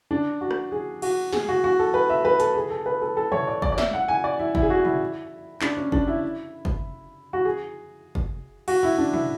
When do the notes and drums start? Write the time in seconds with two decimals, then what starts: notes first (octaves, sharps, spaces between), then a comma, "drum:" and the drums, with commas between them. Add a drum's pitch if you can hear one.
0.11 D4
0.41 F#4
0.51 drum: rim click
0.72 G#4
1.02 F#4, drum: cymbal
1.33 G#4, drum: snare
1.49 F#4
1.64 F#4
1.79 A4
1.94 B4
2.10 E5
2.25 B4
2.40 A4, drum: hi-hat
2.55 G#4
2.70 A4
2.86 B4
3.02 A4
3.17 A4
3.32 C#5, drum: tom
3.47 D5
3.62 D5, drum: kick
3.72 D5
3.78 E5, drum: snare
3.93 F#5
4.08 G#5
4.24 D5
4.39 E4
4.55 E4, drum: kick
4.62 G#4
4.70 F#4
4.85 E4, drum: tom
5.61 D4, drum: clap
5.77 C#4
5.92 D4, drum: kick
6.08 E4
6.65 drum: kick
7.33 F#4
7.45 G#4
8.15 drum: kick
8.68 F#4, drum: cymbal
8.83 E4
8.98 D4
9.13 E4, drum: tom